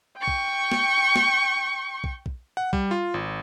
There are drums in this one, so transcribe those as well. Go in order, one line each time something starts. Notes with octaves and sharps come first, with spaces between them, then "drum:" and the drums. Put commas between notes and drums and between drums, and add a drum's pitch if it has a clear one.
G5 C#6
drum: kick
drum: snare
drum: snare
drum: kick
drum: kick
F#5
G3, drum: kick
F4
G#1